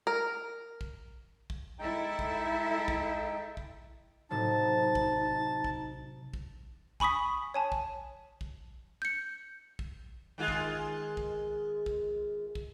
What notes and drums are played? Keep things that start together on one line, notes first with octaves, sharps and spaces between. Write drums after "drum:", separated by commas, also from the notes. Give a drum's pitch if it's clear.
A#4
drum: kick
drum: kick
G#3 D#4 E4 A4 E5 G5
drum: kick
drum: kick
drum: kick
A2 C3 F#3 D#4 A5
drum: kick
drum: kick
drum: kick
G#5 B5 C#6 D#6 B6, drum: kick
C#5 G#5 A5
drum: kick
drum: kick
G6 C#7
drum: kick
D#3 G#3 F4
drum: kick
drum: kick
drum: kick
drum: kick